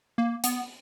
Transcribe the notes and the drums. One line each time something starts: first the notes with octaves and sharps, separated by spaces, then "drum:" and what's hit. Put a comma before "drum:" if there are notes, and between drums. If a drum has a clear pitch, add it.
A#3
B3, drum: hi-hat